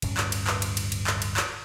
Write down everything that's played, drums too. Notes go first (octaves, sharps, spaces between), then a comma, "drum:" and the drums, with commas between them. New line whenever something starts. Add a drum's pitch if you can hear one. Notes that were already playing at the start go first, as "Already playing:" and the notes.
D1 G2 C#4, drum: cymbal
drum: clap
drum: cymbal
drum: clap
drum: cymbal
drum: cymbal
drum: cymbal
drum: clap
drum: cymbal
drum: clap